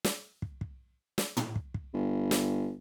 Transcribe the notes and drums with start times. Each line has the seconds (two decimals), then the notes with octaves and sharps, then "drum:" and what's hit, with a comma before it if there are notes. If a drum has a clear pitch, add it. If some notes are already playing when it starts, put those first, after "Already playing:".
0.04 drum: snare
0.42 drum: kick
0.61 drum: kick
1.18 drum: snare
1.37 drum: tom
1.56 drum: kick
1.74 drum: kick
1.93 G1
2.31 drum: snare